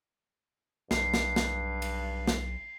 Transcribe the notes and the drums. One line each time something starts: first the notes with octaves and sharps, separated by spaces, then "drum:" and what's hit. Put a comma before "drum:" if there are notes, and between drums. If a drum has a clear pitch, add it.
B1 G2 C7, drum: snare
drum: snare
drum: snare
drum: cymbal
drum: snare